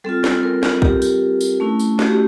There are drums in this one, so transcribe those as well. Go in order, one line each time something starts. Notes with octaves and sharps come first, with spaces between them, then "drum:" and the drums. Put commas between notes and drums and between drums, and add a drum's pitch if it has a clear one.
G3 C4 F4 A4
drum: snare
A#4
drum: snare
G4, drum: kick A#1
G4, drum: tambourine
drum: tambourine
A3 C#4 E4
drum: tambourine
F#4, drum: snare
G4